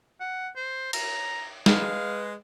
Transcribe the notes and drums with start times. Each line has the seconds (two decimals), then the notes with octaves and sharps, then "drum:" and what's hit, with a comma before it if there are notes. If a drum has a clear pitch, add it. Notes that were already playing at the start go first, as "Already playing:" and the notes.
0.20 F#5
0.56 C5
0.93 A#5, drum: cymbal
1.66 G#3 B4 F5, drum: snare